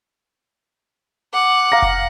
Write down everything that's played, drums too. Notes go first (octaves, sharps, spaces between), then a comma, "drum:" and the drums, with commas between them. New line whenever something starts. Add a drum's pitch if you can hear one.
F#5 D6
F5 A#5 A#6
drum: kick F1